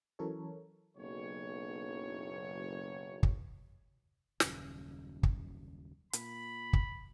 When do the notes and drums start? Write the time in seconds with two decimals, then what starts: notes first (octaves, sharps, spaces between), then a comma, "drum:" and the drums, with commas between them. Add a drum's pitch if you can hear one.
0.19 E3 F#3 C#4 A4 A#4 C#5
0.97 F#1 B1 C#5
3.23 drum: kick
4.40 D#1 F#2 C#3, drum: snare
5.23 drum: kick
6.13 A#2 B5, drum: hi-hat
6.73 drum: kick